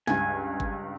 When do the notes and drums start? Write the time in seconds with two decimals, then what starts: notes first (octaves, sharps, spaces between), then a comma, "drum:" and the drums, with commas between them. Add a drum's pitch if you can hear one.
0.07 C#2 G2 G#5, drum: snare
0.60 drum: kick G1